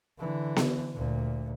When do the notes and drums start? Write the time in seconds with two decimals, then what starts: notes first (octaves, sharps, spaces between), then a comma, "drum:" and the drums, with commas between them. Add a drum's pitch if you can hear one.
0.18 D3 E3
0.56 drum: snare B3
0.94 D2 A#2